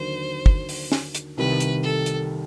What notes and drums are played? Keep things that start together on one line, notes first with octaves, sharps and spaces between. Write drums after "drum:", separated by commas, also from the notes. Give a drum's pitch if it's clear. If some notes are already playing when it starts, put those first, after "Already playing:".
Already playing: D#2 D3 F#3 C5
drum: kick
drum: open hi-hat
drum: snare
drum: hi-hat
C2 C3 D#3 G3 B4
drum: hi-hat
A4
drum: hi-hat